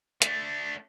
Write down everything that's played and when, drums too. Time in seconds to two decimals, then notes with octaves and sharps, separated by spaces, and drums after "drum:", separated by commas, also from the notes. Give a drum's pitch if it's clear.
0.22 A3 D4, drum: hi-hat